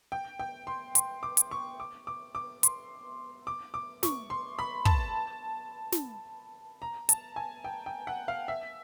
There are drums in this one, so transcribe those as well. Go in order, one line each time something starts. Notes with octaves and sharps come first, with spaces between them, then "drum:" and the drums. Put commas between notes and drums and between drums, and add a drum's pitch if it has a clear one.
G5
G5
C6
C6, drum: hi-hat
D6
drum: hi-hat
C#6
D6
D6
D6
C6, drum: hi-hat
D6
D6
C#6, drum: snare
C6
B5
A5, drum: kick
drum: snare
A#5
A5, drum: hi-hat
G#5
G5
G5
F#5
F5
E5